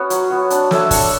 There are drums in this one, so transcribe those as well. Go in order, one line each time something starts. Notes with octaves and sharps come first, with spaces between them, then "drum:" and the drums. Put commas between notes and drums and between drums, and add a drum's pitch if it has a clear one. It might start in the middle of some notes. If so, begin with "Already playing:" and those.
Already playing: B3 C#4 F#4 C#5
F#3, drum: hi-hat
B3 F#4
D4, drum: hi-hat
A4 C#5 E5, drum: snare
D4, drum: kick, open hi-hat